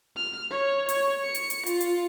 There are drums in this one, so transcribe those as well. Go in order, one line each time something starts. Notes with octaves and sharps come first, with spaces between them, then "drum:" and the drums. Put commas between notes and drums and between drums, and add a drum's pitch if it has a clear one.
F6
C#5
C#5, drum: hi-hat
C#7
drum: hi-hat
drum: hi-hat
F4, drum: hi-hat
drum: hi-hat